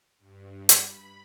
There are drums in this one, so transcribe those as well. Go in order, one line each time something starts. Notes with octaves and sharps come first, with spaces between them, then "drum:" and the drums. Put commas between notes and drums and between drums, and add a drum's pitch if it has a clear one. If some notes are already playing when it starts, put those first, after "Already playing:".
G2
B5, drum: hi-hat